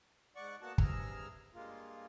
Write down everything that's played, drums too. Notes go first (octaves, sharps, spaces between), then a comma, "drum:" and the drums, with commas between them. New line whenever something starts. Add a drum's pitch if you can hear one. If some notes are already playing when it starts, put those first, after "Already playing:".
G#2 D5 F#5 C#6
A#3 B3 F#4 F#5 A5
G2 C3 G#4 A#5 E6 F6, drum: kick
G2 G#3 A#3 F4